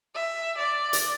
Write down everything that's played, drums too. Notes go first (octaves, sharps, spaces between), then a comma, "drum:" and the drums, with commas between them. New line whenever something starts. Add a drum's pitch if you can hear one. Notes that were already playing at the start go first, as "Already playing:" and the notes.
E5
D5
drum: hi-hat